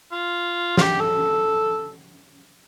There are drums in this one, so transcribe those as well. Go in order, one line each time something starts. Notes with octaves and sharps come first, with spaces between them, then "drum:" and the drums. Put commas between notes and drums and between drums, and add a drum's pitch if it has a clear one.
F4
F4, drum: snare
G4
A4